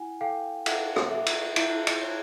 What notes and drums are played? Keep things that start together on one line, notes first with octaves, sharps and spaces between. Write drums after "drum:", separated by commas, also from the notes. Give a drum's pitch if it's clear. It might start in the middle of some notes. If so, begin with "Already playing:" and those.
Already playing: E4 F#5 G#5
A4 F5 G5
A4 E5 F#5, drum: cymbal
drum: rim click
A4 E5
drum: cymbal
E4 E5, drum: cymbal
D#5, drum: cymbal
C#5